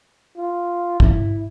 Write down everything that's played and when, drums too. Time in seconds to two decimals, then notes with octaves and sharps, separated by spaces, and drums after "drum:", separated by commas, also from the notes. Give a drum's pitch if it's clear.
0.37 F4
1.00 E4, drum: kick